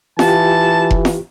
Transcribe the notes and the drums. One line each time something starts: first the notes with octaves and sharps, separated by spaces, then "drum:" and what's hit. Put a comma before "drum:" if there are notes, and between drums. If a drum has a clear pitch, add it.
E3 F4 G4 A5, drum: snare
drum: kick F1
drum: snare